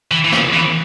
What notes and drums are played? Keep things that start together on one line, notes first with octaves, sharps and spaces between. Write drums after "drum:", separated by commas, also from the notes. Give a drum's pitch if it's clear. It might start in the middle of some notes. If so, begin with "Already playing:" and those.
E3
E3
C#3, drum: snare
E3